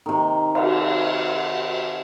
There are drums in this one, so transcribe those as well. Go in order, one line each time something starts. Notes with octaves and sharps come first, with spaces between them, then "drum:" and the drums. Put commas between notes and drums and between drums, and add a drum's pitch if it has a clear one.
C3 D#3
drum: cymbal